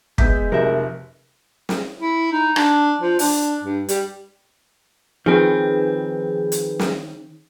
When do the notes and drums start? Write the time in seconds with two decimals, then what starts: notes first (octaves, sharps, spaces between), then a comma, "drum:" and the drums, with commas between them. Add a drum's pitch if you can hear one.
0.18 G#3 B3 E5 G6 B6, drum: kick
0.52 F1 C3 F#3 A#4 E5
1.69 drum: snare
2.01 E4
2.32 D#4
2.56 D4, drum: rim click
3.01 F3
3.19 D4, drum: open hi-hat
3.62 G2
3.89 G3, drum: hi-hat
5.26 D#3 F3 C4 G#4 B4
6.52 drum: hi-hat
6.79 drum: snare